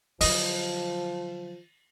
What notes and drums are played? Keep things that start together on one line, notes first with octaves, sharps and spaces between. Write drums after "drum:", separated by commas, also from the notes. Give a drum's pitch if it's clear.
D3 F3 F#3 D#5, drum: open hi-hat